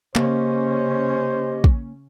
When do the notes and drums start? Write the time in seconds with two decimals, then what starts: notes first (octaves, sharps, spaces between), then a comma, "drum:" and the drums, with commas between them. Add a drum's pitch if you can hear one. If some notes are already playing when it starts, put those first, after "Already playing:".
0.15 C#3 A#3 C#4 G4 C5 D#5, drum: clap
1.64 drum: kick